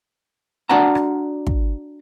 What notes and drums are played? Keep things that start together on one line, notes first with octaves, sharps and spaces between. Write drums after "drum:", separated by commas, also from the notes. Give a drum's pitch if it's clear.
D4 F#4 D5 F#5 A5 A#5
drum: rim click
drum: kick